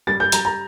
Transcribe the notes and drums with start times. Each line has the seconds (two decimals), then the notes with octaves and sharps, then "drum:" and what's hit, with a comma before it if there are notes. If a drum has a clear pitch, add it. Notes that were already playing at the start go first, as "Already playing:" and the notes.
0.07 G3 A6
0.20 G6
0.32 G3 A#5, drum: hi-hat
0.45 A#5